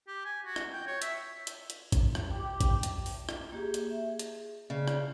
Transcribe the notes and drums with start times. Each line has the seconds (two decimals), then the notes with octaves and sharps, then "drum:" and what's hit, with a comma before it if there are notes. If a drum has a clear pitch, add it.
0.08 G4
0.25 G#5
0.46 F#4
0.56 drum: rim click
0.73 G5
0.87 C#5
1.02 E5, drum: hi-hat
1.47 drum: hi-hat
1.70 drum: hi-hat
1.92 drum: kick, hi-hat
2.15 drum: rim click
2.31 G4
2.61 drum: kick, hi-hat
2.83 drum: hi-hat
3.06 drum: open hi-hat
3.29 drum: rim click
3.52 A#3 G4 G#4
3.74 drum: hi-hat
3.91 E5
4.09 G#4
4.19 drum: hi-hat
4.70 C#3 D5
4.88 drum: rim click